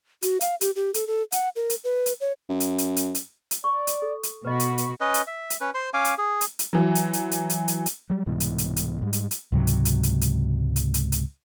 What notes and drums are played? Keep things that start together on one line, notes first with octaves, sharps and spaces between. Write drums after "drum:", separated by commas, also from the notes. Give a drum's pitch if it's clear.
F#4, drum: hi-hat
F5, drum: hi-hat
G4, drum: hi-hat
G4
A4, drum: hi-hat
A4
F#5, drum: hi-hat
A#4
drum: hi-hat
B4
drum: hi-hat
C#5
F#2
drum: hi-hat
drum: hi-hat
drum: hi-hat
drum: hi-hat
drum: hi-hat
D5 C#6
drum: hi-hat
A4
drum: hi-hat
B2 F#4 B4 D#5 B5 C#6
drum: hi-hat
drum: hi-hat
C#4 B4 D#5
drum: hi-hat
E5
drum: hi-hat
C#4 B4
C5 C6
C#4 F5 G#5 D6
drum: hi-hat
G#4
drum: hi-hat
drum: hi-hat
E3 F#3
drum: hi-hat
drum: hi-hat
drum: hi-hat
drum: hi-hat
drum: hi-hat
drum: hi-hat
F#3 G3
C2 G#2 B2 E3
drum: hi-hat
drum: hi-hat
drum: hi-hat
G#2 G3
drum: hi-hat
drum: hi-hat
C#2 G#2 C3 F#3
drum: hi-hat
drum: hi-hat
drum: hi-hat
drum: hi-hat
drum: hi-hat
drum: hi-hat
drum: hi-hat